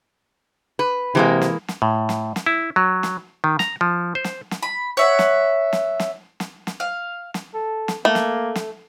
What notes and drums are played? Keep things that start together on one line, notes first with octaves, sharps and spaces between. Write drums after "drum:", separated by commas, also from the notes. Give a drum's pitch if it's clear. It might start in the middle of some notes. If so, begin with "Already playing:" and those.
B4
C3 E3 G#3 A#3
drum: snare
drum: snare
A2
drum: snare
drum: snare
E4
F#3
drum: snare
D#3
A#5, drum: snare
F3
C5
drum: snare
drum: snare
B5
C#5 E5 F#5
drum: snare
drum: snare
drum: snare
drum: snare
drum: snare
F5
drum: snare
A4
drum: snare
A3 A#3
drum: snare
drum: snare